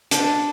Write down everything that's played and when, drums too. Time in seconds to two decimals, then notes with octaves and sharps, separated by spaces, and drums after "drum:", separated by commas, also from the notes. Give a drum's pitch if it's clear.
0.11 D4, drum: hi-hat